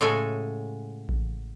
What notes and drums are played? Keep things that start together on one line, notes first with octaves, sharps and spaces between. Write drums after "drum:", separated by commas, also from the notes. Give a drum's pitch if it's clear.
A2 C#3 G#3 F#4 A4 G#5
drum: kick A1